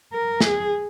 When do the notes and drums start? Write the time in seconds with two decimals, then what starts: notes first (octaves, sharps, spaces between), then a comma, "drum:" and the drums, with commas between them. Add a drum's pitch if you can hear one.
0.13 A#4
0.41 G#4, drum: snare